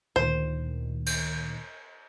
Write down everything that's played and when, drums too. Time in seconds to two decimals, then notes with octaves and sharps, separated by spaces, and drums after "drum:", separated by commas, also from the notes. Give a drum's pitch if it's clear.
0.16 D2 A#2 D#3 C5
1.06 drum: cymbal